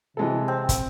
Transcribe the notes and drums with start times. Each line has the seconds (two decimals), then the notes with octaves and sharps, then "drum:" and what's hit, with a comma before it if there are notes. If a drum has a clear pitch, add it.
0.17 C3 E3 G#3 A4
0.48 C4
0.69 drum: kick, hi-hat